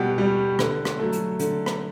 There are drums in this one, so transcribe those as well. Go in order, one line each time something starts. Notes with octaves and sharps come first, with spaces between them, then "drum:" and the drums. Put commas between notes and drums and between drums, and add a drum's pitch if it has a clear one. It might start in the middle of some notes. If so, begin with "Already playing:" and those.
Already playing: B2 G3 F#4 G4
G3
D3, drum: rim click
drum: rim click
F#3 A3
drum: hi-hat
D3, drum: hi-hat
drum: rim click